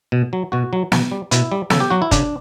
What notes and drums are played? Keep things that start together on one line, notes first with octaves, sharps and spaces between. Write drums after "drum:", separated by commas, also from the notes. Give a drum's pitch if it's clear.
B2
F#3
B2 F#4
F#3
B2, drum: snare
G3
B2 E4, drum: hi-hat
G3
C#3 A4, drum: snare
G4
F#3 F#4
E4
C#3 D4, drum: kick, hi-hat